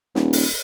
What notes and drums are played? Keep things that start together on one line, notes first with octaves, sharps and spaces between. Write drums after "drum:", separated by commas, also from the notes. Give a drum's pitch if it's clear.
D#1, drum: snare
drum: open hi-hat